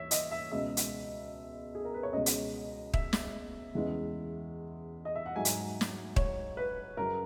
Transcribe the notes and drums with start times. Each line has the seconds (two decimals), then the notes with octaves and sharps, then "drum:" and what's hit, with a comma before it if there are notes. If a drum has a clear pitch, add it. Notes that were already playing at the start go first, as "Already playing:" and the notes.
Already playing: D#2 E3 C#5 E5
0.11 D#5, drum: hi-hat
0.31 E5
0.52 C#2 B2 G#3 E5
0.77 drum: hi-hat
1.75 G#4
1.85 A#4
1.94 B4
2.03 C#5
2.13 C#2 B2 G#3 D#5
2.26 drum: hi-hat
2.94 E5, drum: kick D#1
3.13 drum: snare
3.75 E2 C#3 E3 G#3
5.05 D#5
5.15 E5
5.26 F#5
5.36 G#2 F#3 G#5
5.45 drum: hi-hat
5.81 drum: snare
6.16 C#5, drum: kick D#1
6.57 B4
6.97 F#2 C#3 F#3 A#4